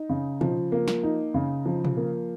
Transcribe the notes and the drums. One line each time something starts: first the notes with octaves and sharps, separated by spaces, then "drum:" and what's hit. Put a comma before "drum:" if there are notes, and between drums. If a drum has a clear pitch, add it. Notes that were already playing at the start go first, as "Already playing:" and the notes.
Already playing: D#4
C#3
F3, drum: tom
A#3
drum: snare
D#4
C#3
F3
drum: tom
A#3